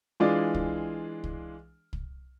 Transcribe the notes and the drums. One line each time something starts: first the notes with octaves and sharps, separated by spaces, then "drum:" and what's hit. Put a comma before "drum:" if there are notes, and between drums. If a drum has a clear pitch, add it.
E3 G#3 D4 F4 G#4 D5
drum: kick
drum: kick
drum: kick